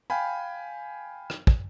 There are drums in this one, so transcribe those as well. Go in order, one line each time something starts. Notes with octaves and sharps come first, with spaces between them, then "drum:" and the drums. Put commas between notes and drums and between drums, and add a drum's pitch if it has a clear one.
F5 G5 G#5 B5
drum: rim click
drum: kick